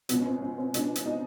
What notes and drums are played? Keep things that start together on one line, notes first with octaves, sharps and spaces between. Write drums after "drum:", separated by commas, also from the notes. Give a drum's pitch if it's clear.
C#2 B2 B3, drum: hi-hat
C#4
C4
C#4
C4
C#2 B2 D4, drum: hi-hat
drum: hi-hat
D#4